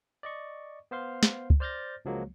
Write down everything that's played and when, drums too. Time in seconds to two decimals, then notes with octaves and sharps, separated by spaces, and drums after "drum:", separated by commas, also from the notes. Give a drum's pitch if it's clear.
0.23 D5 D#5 C#6
0.91 B3 C5 F5 C6
1.23 drum: snare
1.50 drum: kick
1.60 C5 D5 F6 G6 A6 A#6
2.05 C#2 F3 F#3 G#3 A#3